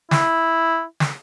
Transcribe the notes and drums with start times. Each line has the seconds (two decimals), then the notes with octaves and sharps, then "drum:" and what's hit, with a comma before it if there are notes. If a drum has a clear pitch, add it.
0.11 E4, drum: snare
1.00 drum: snare